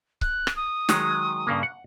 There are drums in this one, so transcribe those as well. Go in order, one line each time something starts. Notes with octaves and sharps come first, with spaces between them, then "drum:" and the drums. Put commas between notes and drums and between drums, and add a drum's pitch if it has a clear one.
F#6, drum: kick C#1
drum: rim click
D#6
D#3 F#3 G#3, drum: snare
G2 C#3 A#3
F#5